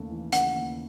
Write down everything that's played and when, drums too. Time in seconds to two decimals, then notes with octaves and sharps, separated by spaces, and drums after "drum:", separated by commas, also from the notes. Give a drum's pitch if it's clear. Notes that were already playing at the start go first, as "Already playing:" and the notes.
Already playing: D#2 C#3 A3
0.09 E3
0.32 C#3 F#5, drum: hi-hat
0.56 D#2